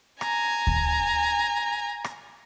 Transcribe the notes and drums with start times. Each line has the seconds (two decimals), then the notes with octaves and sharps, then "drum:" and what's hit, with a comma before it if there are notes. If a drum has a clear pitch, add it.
0.21 G#5 A#5, drum: rim click
0.67 drum: kick D2
2.04 drum: rim click